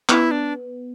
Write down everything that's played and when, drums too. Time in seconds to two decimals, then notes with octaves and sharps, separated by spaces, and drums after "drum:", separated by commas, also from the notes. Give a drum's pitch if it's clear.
0.09 B3 E4, drum: clap
0.31 D4